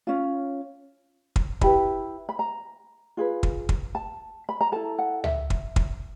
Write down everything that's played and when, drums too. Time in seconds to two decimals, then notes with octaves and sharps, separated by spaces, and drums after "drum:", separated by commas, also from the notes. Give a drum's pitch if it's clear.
0.07 C#4 F4
1.36 drum: kick
1.61 E4 G4 B4 B5, drum: kick
2.29 B5
2.39 A#5
3.17 F4 G#4 B4
3.43 drum: kick
3.69 drum: kick
3.95 A5
4.49 B5
4.61 A#5
4.72 E4 A4 A5
4.99 F#5
5.24 E5, drum: tom C#2
5.50 drum: kick
5.76 drum: kick